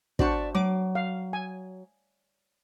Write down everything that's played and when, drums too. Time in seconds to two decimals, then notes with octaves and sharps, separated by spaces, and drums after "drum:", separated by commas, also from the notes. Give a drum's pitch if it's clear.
0.19 D4 F#4 C5 D5 E5 A5, drum: kick
0.55 F#3 D6
0.95 F5
1.33 G#5